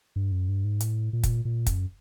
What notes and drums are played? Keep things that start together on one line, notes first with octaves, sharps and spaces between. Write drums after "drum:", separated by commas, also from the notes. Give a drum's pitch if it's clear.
G2
F#2
G2
G#2
A2, drum: hi-hat
A#2
drum: kick, hi-hat
A#2
F#2, drum: kick, hi-hat